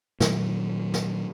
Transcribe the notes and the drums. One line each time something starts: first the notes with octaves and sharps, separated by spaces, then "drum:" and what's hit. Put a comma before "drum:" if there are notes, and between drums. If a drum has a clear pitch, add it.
A#2 D#3 F#3, drum: snare
drum: snare